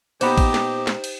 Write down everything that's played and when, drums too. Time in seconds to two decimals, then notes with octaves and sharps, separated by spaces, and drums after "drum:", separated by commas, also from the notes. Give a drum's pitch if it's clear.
0.21 A#2 B3 D#4 G4 C5 B5 D6, drum: cymbal
0.38 drum: kick A1, cymbal
0.54 drum: snare
0.87 drum: snare
1.04 drum: cymbal